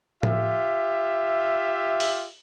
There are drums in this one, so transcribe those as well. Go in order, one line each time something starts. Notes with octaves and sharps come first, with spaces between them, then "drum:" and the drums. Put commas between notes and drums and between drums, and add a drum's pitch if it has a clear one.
F4 G4 E5, drum: tom A2
drum: open hi-hat